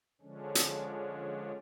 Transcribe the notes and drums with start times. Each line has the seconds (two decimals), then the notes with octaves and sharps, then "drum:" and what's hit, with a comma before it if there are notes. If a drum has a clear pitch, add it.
0.21 D3 F3 G#3 C#4 D4
0.55 drum: hi-hat